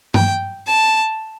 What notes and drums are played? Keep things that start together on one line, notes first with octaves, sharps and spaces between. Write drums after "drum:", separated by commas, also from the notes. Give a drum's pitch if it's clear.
G5, drum: tom G2
A5